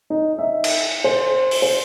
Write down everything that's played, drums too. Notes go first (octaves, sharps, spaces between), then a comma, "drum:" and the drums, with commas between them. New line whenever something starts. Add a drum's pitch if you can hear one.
D#4
E5
drum: cymbal
C5
drum: open hi-hat
C5